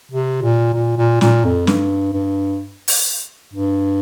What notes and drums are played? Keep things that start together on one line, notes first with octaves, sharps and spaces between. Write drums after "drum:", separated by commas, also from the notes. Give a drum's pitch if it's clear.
C3
A#2
A#2
A#2
A#2, drum: snare
F2
G2, drum: snare
G2
drum: open hi-hat
G2